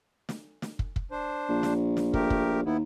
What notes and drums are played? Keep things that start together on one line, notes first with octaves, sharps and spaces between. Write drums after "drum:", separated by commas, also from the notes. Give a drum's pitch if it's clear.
drum: snare
drum: snare
drum: kick
drum: kick
D4 C5
A#1
drum: snare
drum: snare
A3 G4 A#4, drum: kick
drum: kick
D#2 B3 E4